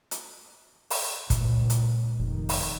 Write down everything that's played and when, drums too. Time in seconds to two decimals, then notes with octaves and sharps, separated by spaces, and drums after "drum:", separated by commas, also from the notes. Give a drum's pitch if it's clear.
0.11 drum: hi-hat
0.90 drum: open hi-hat
1.30 C#2 A#2, drum: kick, hi-hat
1.70 drum: hi-hat
2.20 F1 D#3
2.49 drum: open hi-hat